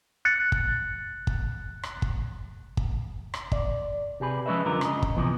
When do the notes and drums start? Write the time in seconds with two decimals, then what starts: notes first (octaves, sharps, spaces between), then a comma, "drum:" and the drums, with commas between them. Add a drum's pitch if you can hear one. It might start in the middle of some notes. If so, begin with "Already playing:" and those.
0.25 F#6 A6 C#7
0.52 drum: kick
1.27 drum: kick
1.83 drum: rim click
2.02 drum: kick
2.77 drum: kick
3.34 drum: rim click
3.52 D5, drum: kick
4.20 C3 G4 G#4 B4
4.46 F3 G#3 C#4 B4 D#5 E5
4.65 F#2 D3 F4 A#4
4.81 C#3 D#5, drum: rim click
5.03 drum: kick
5.16 C3 E3 F3 B3